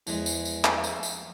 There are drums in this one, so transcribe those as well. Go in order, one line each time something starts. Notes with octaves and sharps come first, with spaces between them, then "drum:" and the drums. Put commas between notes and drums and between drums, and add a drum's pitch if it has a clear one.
E2 E3 F3 G#3, drum: tambourine
drum: tambourine
drum: tambourine
drum: clap
drum: tambourine
drum: tambourine